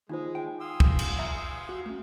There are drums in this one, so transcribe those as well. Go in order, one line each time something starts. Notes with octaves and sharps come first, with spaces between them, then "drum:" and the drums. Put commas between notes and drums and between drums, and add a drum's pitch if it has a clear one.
D#2 G#3 D#4 F4 G#4 C5
G5
F5 G#5 C6 D#6 E6
drum: kick
drum: cymbal
E5 A#5
F#4
A3 C#4